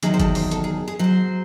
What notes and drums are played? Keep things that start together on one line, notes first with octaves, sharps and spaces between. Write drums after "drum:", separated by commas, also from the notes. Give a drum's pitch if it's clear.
E2 C3 D#3 F#3 G#4, drum: hi-hat
C5
A4, drum: kick G1, hi-hat
C5, drum: open hi-hat
A4, drum: hi-hat
G#4
G#4
G#2 F#3 C5